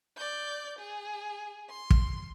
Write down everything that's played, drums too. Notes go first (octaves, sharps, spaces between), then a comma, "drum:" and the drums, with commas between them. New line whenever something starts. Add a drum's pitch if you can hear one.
D5 G6
G#4
C6
drum: kick